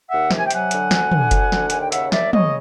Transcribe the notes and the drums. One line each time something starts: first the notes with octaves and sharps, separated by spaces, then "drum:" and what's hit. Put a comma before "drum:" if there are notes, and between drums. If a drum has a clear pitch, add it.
D#2 E5 F#5
C3, drum: snare
G#5
G5
F#3 F#5 G#5, drum: hi-hat
D3, drum: hi-hat
D2, drum: snare
D3, drum: tom
D2, drum: kick F#1, hi-hat
D3, drum: snare
D#2 G#5, drum: hi-hat
G5
C#3 E5 F#5, drum: hi-hat
D#2 D5 E5, drum: snare
C#3 C#5 D#5, drum: tom